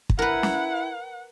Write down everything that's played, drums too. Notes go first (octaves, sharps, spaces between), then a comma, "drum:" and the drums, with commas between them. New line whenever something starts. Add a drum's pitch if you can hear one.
drum: kick
E4 A#4 B4 F#5
drum: snare